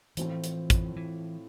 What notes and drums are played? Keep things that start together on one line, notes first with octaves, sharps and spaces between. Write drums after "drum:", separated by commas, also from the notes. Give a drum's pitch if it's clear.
A2 E3 F3 A3 C4 F4, drum: hi-hat
drum: hi-hat
drum: kick, hi-hat
E3